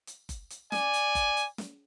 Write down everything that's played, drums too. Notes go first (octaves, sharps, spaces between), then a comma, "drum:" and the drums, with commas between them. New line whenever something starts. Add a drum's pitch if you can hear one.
drum: hi-hat
drum: kick F#1, hi-hat
drum: hi-hat
D5 G#5, drum: snare
drum: hi-hat
drum: kick F#1, hi-hat
drum: hi-hat
drum: snare